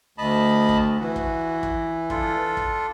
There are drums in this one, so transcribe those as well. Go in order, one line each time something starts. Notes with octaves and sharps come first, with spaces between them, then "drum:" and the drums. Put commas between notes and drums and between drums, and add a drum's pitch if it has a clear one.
D2 D#5 A5 B5
drum: kick
E3 F#4
drum: kick
drum: kick
D4 F4 A4, drum: kick
drum: kick